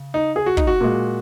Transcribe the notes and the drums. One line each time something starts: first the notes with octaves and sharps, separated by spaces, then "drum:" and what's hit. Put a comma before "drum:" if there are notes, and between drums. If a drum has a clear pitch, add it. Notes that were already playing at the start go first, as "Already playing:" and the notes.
Already playing: C#3
D#4
G#4
F#4
D#4, drum: kick
F#4
A#2 G#3